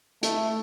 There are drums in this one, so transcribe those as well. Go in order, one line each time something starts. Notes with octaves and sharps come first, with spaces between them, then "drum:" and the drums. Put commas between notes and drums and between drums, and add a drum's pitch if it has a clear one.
A3, drum: hi-hat